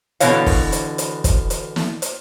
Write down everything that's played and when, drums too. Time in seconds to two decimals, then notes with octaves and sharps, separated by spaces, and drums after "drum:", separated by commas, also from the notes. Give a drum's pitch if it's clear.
0.20 B2 D3 E3 C#5 F5, drum: hi-hat
0.46 drum: kick, open hi-hat
0.72 drum: hi-hat
0.98 drum: hi-hat
1.24 drum: kick, hi-hat
1.50 drum: hi-hat
1.76 drum: snare
2.02 drum: hi-hat